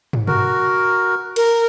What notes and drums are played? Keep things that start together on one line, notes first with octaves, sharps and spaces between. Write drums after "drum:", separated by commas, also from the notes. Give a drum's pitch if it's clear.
drum: tom
F#4 A#4, drum: tom B2
A#4, drum: cymbal